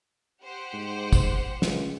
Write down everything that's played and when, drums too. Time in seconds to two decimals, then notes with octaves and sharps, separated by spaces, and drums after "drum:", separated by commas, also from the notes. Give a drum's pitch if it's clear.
0.42 G4 C5 F#5
0.74 G#2
1.13 drum: kick, tambourine
1.62 C#2, drum: snare